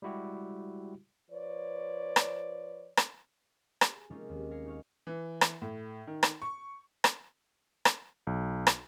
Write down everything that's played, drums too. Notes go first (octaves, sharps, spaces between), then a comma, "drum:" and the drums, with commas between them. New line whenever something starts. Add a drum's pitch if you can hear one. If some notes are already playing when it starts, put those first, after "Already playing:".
G3 G#3 E4 F#4 G4
F3 B4 C#5 D5
drum: rim click
drum: rim click
G#4, drum: rim click
G#3 A#3 C4 C#4 D#4 F4
D#2
F5 G#5 A#6 C7 C#7
D#4 C#5 F5
E3
drum: rim click
A2
D#3
drum: rim click
C#6
drum: rim click
drum: rim click
B1
drum: rim click